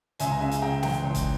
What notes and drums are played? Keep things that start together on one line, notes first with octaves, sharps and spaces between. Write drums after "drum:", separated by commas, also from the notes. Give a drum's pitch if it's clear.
C#2 E5 G#5, drum: hi-hat
A#5
C#3 E5 G#5
drum: hi-hat
C#3 G5 A#5
E3 G5 A#5, drum: snare
C#2
drum: kick, hi-hat